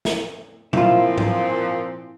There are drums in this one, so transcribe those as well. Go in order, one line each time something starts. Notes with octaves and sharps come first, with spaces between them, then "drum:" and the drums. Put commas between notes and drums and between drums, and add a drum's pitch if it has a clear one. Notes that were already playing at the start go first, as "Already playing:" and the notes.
drum: snare
A#2 F3 C4 E4 F4, drum: tom A#2
drum: tom G#2